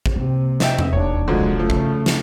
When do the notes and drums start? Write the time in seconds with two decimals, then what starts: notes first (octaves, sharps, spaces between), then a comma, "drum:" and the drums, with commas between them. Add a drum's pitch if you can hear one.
0.06 drum: kick
0.16 C3 A#3
0.60 D#5 E5 G5, drum: snare
0.79 drum: tom E2
0.93 E1 D#2 A#3 D4 C#5
1.28 C2 D3 F3 F#3 G#3
1.59 C#3 F3 A3
1.70 drum: kick
2.06 drum: snare